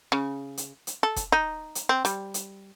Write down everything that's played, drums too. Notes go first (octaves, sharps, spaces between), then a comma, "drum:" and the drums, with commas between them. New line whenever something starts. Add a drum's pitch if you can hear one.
C#3
drum: hi-hat
drum: hi-hat
A4
drum: kick E1, hi-hat
D#4
drum: hi-hat
C4
G3, drum: hi-hat
drum: hi-hat